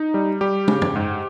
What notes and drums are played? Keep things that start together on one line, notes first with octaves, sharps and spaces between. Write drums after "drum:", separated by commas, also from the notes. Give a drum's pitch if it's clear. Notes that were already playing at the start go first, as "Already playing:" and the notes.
Already playing: D#4
G3
G3 G4
C#3, drum: tom
drum: tom
G#2